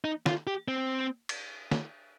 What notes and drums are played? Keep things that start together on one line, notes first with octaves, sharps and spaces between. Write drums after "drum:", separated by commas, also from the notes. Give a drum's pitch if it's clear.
D#4
F4, drum: snare
G4
C4
drum: cymbal
drum: snare